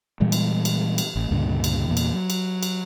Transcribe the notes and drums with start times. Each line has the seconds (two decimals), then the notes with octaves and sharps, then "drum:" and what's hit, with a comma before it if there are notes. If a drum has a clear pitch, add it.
0.20 A#2 E3 G3 G#3
0.32 drum: cymbal
0.65 drum: cymbal
0.98 drum: cymbal
1.15 A1
1.31 C#2 G2 A#2 D3
1.64 drum: cymbal
1.88 E2 A#2
1.97 drum: cymbal
2.13 F#3
2.30 drum: cymbal
2.63 drum: cymbal